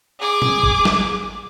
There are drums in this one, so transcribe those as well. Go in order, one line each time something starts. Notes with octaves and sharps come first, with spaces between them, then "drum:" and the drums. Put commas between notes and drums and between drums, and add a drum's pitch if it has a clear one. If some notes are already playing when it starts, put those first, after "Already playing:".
G#4 D6
drum: tom A#2
drum: kick G#1
drum: snare